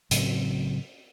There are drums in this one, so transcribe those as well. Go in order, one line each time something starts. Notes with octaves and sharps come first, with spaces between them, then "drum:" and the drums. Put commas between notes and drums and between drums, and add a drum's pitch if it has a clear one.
A2 C#3 F#3 C4, drum: hi-hat